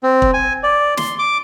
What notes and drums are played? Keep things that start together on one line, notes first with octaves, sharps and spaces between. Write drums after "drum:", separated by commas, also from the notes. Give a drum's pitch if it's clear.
C4
drum: kick
G#5
D5
C6, drum: snare
D6